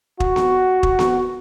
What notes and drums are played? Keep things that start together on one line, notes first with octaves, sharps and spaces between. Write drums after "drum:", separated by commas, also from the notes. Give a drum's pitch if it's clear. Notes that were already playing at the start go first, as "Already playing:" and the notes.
F#4, drum: kick
drum: snare B3
drum: kick
drum: snare B3